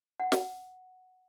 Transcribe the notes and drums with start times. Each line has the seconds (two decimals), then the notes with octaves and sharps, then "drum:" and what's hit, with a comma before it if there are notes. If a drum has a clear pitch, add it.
0.20 F#5
0.32 drum: snare